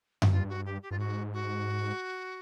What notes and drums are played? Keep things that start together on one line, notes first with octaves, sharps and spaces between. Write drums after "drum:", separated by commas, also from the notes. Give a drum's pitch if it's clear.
F#2, drum: tom F#2
G2 F4
F#4
G4
G4
G2 F4
G#2 F#4
F#4